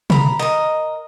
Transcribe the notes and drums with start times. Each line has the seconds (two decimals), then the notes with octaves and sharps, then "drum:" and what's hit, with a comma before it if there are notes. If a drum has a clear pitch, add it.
0.10 A#5 B5, drum: tom
0.39 A#4 D#5